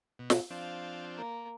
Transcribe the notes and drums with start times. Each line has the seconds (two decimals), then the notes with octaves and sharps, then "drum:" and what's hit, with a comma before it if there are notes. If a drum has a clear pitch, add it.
0.19 B2
0.30 drum: snare
0.51 F3 C4 D4 F5
1.17 A#3